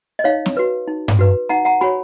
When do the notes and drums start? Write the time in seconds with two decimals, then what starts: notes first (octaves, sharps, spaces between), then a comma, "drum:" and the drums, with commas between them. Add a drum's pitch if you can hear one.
0.19 D#5
0.24 D#4 C#5 F5
0.46 drum: snare C4
0.57 F#4 B4
0.88 D#4
1.08 drum: tom G2
1.19 F#4 B4
1.49 D#4 F#5 A#5
1.65 F#5 A#5
1.81 F#4 C#5 G#5 B5